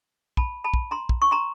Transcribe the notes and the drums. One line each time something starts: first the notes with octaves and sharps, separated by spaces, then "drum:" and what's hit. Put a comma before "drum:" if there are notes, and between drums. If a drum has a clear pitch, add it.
A5 B5, drum: kick
A5 B5
drum: kick
A#5 C6
drum: kick
C#6
A#5 C6